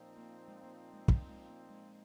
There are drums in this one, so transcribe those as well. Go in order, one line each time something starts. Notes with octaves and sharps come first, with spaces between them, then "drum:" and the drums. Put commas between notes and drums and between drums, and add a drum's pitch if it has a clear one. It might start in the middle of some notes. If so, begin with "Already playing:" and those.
Already playing: A#2 F3 C4 D#4
A#3
G#3
A#3
G#3
G3, drum: kick
G#3
A#3
G#3